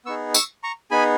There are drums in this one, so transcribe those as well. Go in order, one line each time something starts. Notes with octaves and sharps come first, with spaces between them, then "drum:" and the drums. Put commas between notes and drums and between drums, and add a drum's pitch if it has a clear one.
B3 D#4 G#4 C#6 E6
C#6 E6, drum: tambourine
A#5 C#6
B3 D#4 G#4 G#5 B5